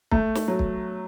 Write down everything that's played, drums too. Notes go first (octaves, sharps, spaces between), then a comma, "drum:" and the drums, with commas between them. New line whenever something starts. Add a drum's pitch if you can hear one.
A3, drum: kick
drum: snare
F#3
drum: kick